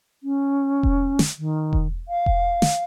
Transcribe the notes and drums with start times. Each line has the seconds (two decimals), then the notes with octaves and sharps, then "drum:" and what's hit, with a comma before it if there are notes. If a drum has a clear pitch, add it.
0.23 C#4
0.83 drum: kick E1
1.19 drum: snare
1.38 D#3
1.73 drum: kick E1
2.08 F5
2.26 drum: kick E1
2.62 drum: snare